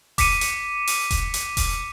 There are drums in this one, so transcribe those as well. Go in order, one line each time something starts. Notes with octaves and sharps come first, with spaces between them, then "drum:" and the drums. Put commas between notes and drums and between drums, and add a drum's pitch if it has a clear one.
D6 B6 C#7 D#7, drum: kick E1, open hi-hat
drum: hi-hat
drum: open hi-hat
drum: kick E1, hi-hat
drum: hi-hat
drum: kick E1, open hi-hat